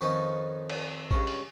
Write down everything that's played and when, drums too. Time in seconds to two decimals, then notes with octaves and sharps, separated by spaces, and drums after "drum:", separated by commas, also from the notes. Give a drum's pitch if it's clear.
0.01 F2 D#3 F3 B3 C#4 D#4
0.69 drum: cymbal
1.11 C#2 G2 C#4, drum: kick A1
1.27 drum: open hi-hat